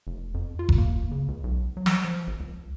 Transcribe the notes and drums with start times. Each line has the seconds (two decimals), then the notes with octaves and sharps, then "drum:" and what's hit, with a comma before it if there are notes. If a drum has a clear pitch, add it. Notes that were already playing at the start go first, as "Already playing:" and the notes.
0.07 F1
0.34 F2
0.59 F4
0.69 drum: kick F1
0.78 A#3
1.11 C#3
1.28 C#2
1.43 B1
1.77 F#3
1.86 drum: snare
2.04 F3
2.27 G#1
2.40 C#2